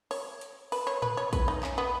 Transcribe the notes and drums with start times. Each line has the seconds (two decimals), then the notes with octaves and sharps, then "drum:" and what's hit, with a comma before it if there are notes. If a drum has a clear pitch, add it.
0.11 C#5, drum: open hi-hat
0.41 drum: hi-hat
0.72 B4, drum: open hi-hat
0.87 C#5
1.02 B4, drum: tom A2
1.17 C#5
1.33 B4, drum: kick, hi-hat
1.48 D#4
1.63 C#4, drum: clap
1.78 B3